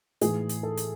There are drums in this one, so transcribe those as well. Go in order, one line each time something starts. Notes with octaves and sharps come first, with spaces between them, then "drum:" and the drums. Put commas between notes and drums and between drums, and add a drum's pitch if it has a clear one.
A2 E3 G#4, drum: hi-hat
drum: hi-hat
A4
drum: hi-hat